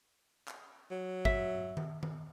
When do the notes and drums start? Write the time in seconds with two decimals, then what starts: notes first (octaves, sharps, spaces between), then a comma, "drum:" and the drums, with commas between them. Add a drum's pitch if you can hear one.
0.48 drum: clap
0.91 F#3
1.25 E5, drum: kick G#1
1.77 drum: tom D#3
2.03 drum: tom D#3